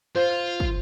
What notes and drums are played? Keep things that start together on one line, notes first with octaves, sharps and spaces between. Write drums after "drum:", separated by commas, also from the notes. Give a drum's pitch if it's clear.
F4 C5
drum: kick